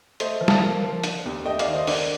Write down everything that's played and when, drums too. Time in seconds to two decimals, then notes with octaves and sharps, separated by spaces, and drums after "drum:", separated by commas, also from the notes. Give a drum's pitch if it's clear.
0.20 A3 C5 D#5, drum: hi-hat
0.41 F3
0.48 F5 A5, drum: snare
0.63 A#3
0.84 F3
1.04 D3, drum: hi-hat
1.25 D#2
1.45 A3 D#5 G5
1.59 D5 F5, drum: hi-hat
1.67 D#3
1.74 C5 D#5
1.87 D3 A#4 D5, drum: open hi-hat